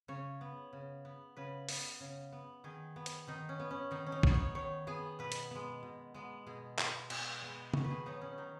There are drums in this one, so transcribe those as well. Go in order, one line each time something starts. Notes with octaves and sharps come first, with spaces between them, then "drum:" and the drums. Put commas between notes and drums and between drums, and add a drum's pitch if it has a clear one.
C#3 C#5
B3
C#3
B3
C#3 B4
B3, drum: open hi-hat
C#3
B3
D#3 G#4
B3
drum: hi-hat
D#3 D#4
C#4
B3
C#4
D#3 D#4
C#4
D#4
B3, drum: kick
C#5
D#3 C#5
B3 G#4
B2 B4
drum: hi-hat
G#3 B3
B2
G#3 B3
B2 G#4
G#3 B3, drum: clap
B2, drum: cymbal
G#3 B3
D#3 F#4, drum: tom
B4
G#4
F#3 B3 D#4
C#4
D#3 D#4